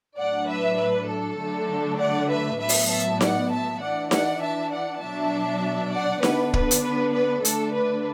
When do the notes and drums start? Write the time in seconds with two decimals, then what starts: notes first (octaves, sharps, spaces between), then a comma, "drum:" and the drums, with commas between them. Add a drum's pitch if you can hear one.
0.18 A2 F#3 D4 D5 F#5
0.48 B4 E5
0.78 B4
1.09 A4
1.39 D3 F#3 A3 D4
1.99 D5 F#5
2.29 B4 E5
2.60 A2 F#3 B3 B4 E5
2.69 drum: open hi-hat
2.90 E5 A5
3.21 D5 F#5, drum: snare D#4
3.51 E5 A5
3.81 E3 D4 D5 F#5
4.11 D5 F#5, drum: snare D#4
4.41 E5 A5
4.71 D5 F#5
5.02 B2 F#3 D4 E5 A5
5.92 D5 F#5
6.23 D3 B3 D4 B4, drum: snare D#4
6.54 B4, drum: kick
6.71 drum: hi-hat
6.83 B4
7.14 B4
7.45 D3 A3 D4 A4, drum: hi-hat
7.75 B4